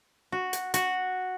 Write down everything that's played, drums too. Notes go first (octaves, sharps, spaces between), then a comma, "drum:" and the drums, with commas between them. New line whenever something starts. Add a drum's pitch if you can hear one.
F#4
drum: hi-hat
F#4, drum: hi-hat